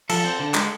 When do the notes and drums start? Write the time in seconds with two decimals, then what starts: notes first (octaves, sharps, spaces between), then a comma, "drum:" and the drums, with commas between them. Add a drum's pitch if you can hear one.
0.09 F3 A4, drum: cymbal
0.24 C4
0.39 D3
0.54 G#3, drum: clap